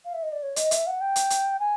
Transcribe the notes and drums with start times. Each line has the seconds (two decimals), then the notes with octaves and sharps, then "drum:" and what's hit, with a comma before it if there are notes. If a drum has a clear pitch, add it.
0.05 F5
0.14 E5
0.23 D#5
0.32 D5
0.43 C#5
0.56 D#5, drum: hi-hat
0.71 E5, drum: hi-hat
0.87 F#5
1.01 G5
1.16 drum: hi-hat
1.30 drum: hi-hat
1.60 G#5